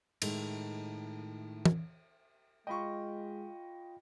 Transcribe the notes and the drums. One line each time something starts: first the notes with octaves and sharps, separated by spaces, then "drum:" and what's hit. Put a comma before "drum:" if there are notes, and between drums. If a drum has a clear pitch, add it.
A2 D#3 G#3, drum: cymbal
drum: tom
G#3 F4 D#5 G5 B5 C#6